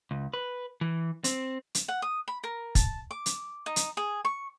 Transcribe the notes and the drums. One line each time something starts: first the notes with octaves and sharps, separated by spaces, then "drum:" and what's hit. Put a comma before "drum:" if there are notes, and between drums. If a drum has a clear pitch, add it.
C#2
B4
E3
C4, drum: hi-hat
drum: hi-hat
F#5
D#6
B5
A#4
A5, drum: kick, hi-hat
D6
drum: hi-hat
D#4
drum: hi-hat
G#4
C#6